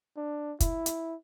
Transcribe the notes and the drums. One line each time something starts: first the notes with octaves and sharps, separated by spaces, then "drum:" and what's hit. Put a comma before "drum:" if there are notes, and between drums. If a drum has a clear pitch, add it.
D4
E4, drum: kick, hi-hat
drum: hi-hat